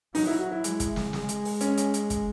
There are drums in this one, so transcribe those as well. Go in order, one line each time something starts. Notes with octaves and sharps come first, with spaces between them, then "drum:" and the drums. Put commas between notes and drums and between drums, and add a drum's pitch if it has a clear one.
F#3 D#4, drum: open hi-hat
E4
F#4
E4
G#3, drum: hi-hat
drum: kick, hi-hat
drum: snare
G#3, drum: snare
drum: hi-hat
drum: open hi-hat
C#4, drum: hi-hat
drum: hi-hat
drum: hi-hat
drum: kick, hi-hat